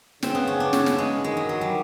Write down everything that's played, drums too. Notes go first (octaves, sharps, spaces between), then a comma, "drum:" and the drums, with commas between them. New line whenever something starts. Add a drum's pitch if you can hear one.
C#3 C4, drum: snare
B3
C#4
D4
C#4, drum: snare
drum: snare
G#3
D#3 G#3
F#3
F#3
G3